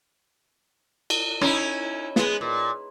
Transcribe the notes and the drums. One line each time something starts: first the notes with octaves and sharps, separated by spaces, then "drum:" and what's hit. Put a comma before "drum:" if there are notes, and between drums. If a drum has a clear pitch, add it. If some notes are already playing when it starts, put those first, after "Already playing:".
drum: cymbal
C#4 D#4 E4, drum: rim click
G#3 B3, drum: snare
A#2